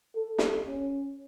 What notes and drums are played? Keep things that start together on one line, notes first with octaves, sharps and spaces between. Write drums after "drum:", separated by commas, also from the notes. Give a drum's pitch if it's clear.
A4
drum: snare
C#4